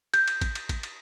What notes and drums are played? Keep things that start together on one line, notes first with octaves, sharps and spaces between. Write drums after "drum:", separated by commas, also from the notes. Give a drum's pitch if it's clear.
G6, drum: cymbal
drum: cymbal
drum: kick A1, cymbal
drum: cymbal
drum: kick A1, cymbal
drum: cymbal